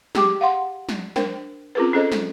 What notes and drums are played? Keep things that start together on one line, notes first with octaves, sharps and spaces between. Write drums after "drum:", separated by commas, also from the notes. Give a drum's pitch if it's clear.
G4 G#4 G5 D6, drum: snare
F5 F#5 C6
drum: snare
D4 A#4 C5 G5, drum: snare
C4 C#4 F4 G#4 A#4 B4
C#4 G#4 A4 C5 D#5
drum: snare